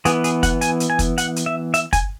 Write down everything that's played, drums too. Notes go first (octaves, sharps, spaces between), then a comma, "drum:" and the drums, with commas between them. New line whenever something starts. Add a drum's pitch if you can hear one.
E3 B3 G#4, drum: hi-hat
G#4, drum: hi-hat
F#5, drum: kick, hi-hat
G#5, drum: hi-hat
drum: hi-hat
G#5
drum: kick, hi-hat
F#5, drum: hi-hat
drum: hi-hat
E5
E5, drum: hi-hat
G#5, drum: kick, hi-hat